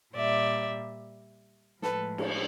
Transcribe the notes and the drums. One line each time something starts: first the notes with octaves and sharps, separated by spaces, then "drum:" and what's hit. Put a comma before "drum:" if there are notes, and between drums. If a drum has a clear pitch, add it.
A#2 G3 D5 E5
A2 F3 G#3 A4 B4, drum: snare
drum: cymbal